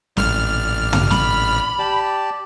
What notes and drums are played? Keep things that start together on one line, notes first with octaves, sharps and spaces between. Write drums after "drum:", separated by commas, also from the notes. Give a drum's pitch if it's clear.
A1 D5 F6, drum: snare
drum: tom
B5, drum: snare
G4 D5 A5